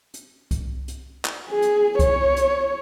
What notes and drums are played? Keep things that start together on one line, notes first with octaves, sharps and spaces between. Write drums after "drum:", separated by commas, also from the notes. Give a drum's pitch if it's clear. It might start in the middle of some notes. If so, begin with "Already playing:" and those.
drum: hi-hat
drum: kick C2, hi-hat
drum: hi-hat
drum: clap
G#4
drum: hi-hat
C#5, drum: kick C2, hi-hat
drum: hi-hat